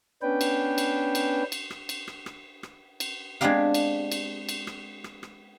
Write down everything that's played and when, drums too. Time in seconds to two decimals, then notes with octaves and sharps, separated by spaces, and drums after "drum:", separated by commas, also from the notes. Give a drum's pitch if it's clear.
0.22 B3 C#4 D4 B4 G5
0.41 drum: cymbal
0.78 drum: cymbal
1.15 drum: cymbal
1.52 drum: cymbal
1.70 drum: rim click
1.89 drum: cymbal
2.08 drum: rim click
2.26 drum: rim click
2.63 drum: rim click
3.00 drum: cymbal
3.41 G#3 B3 C4 D4 G4 F5
3.74 drum: cymbal
4.12 drum: cymbal
4.49 drum: cymbal
4.67 drum: rim click
5.04 drum: rim click
5.23 drum: rim click